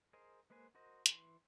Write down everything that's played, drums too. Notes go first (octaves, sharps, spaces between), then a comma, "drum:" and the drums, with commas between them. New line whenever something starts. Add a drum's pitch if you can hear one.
G#4 A#4 C5 D#5
G#3 A#3 B4 C5 G#5
F#4 A#4 C5 D#5
E3 C6, drum: hi-hat